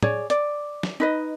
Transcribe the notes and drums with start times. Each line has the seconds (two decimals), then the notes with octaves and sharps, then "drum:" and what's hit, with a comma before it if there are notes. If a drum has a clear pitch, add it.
0.03 G#4 C#5 D5, drum: tom
0.30 D5, drum: hi-hat
0.83 drum: snare
1.00 D#4 B4 D#5